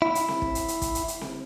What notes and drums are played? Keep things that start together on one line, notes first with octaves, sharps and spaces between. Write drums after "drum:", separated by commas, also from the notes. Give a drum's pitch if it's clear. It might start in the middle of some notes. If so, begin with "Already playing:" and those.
E4
drum: hi-hat
drum: snare C4
drum: kick
drum: hi-hat
drum: hi-hat
drum: kick, hi-hat
drum: hi-hat
drum: hi-hat
drum: snare C4